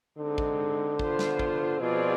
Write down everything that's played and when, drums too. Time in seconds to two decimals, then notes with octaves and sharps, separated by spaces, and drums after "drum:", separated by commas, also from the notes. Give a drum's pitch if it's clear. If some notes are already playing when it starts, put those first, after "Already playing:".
0.18 D3 G#3 C4 D#4
0.38 drum: kick
0.99 B3 F4 C5, drum: kick
1.19 drum: snare
1.39 drum: kick
1.80 B2 F3 C4 F4 G#4 D5